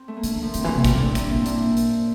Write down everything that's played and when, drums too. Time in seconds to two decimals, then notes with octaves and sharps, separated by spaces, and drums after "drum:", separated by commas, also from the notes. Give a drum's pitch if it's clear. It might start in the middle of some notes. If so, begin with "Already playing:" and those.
Already playing: C4
0.08 A3
0.17 A#3
0.23 D3 A3, drum: hi-hat
0.34 A#3
0.42 F3 A3
0.54 D3 C4, drum: hi-hat
0.61 E3 A#3
0.68 A3
0.75 C3 G3 A#3
0.84 A#2 A3 C4, drum: kick G#1, hi-hat
0.95 A#3 D4
1.05 C4 E4
1.15 A#3 D4, drum: kick G#1, hi-hat
1.31 C4 E4
1.46 A#3 D4, drum: hi-hat
1.77 drum: hi-hat